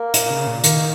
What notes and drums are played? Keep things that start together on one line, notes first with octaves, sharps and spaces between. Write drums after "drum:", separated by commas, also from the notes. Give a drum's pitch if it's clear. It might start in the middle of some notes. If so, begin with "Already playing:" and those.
Already playing: A#3
A#2, drum: hi-hat
C#3
A#2
D#3 A#3, drum: hi-hat